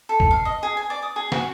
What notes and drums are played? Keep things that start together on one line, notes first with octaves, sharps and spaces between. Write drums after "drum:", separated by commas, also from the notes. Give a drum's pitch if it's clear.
A4
drum: kick F#1
F5
D#5
G#4
G#5
D5
D#6
G#4
F#4, drum: snare